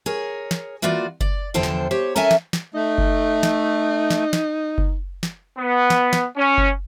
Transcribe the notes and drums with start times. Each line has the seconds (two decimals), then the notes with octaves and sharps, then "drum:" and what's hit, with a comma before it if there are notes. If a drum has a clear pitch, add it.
0.06 G#4 A#4 C#5
0.51 drum: snare
0.82 E3 A#3 F4 F#4 D5
1.21 D5, drum: kick F#1
1.54 E2 D3 F3 A4 C5 G5
1.63 drum: snare
1.91 G4 C5 C#5
2.16 C#4 A4 A#4 E5 G#5 A5
2.31 drum: snare
2.53 drum: snare
2.74 A3 D#4
2.98 drum: kick F#1
3.43 drum: snare
4.11 drum: snare
4.33 drum: snare
4.78 drum: kick F#1
5.23 drum: snare
5.59 B3
5.90 drum: snare
6.13 drum: snare
6.37 C#4
6.58 drum: kick F#1